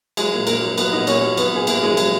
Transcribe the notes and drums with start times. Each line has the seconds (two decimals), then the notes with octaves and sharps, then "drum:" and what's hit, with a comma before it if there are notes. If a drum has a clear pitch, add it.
0.17 F#3 G#3 G#4, drum: cymbal
0.33 A#2
0.47 A#2 A#3 A#4, drum: cymbal
0.62 F#3
0.78 F#3 B3 B4, drum: cymbal
0.93 A#2 D#4 D#5
1.07 A#2 C#4 C#5, drum: cymbal
1.23 F#3
1.37 F#3 B3 B4, drum: cymbal
1.52 A#2 G#4
1.67 A#2 A#3 A#4, drum: cymbal
1.83 F#3 G#3 G#4
1.97 F#3, drum: cymbal